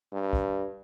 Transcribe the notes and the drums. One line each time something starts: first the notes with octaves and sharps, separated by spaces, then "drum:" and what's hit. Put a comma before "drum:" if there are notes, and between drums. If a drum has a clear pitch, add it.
G2
drum: kick